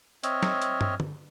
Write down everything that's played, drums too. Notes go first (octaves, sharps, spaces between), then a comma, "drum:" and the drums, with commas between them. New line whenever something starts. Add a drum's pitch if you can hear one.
C4 C#5 D#5 E5 F6, drum: hi-hat
drum: snare
drum: hi-hat
drum: tom
drum: tom D3